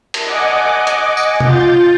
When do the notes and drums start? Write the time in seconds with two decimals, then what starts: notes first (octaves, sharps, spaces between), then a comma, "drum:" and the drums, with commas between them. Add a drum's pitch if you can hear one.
0.14 drum: cymbal
0.24 D#5 F#5 G#5 D6
0.87 drum: hi-hat
1.17 drum: tambourine
1.40 F4 G6 A6, drum: tom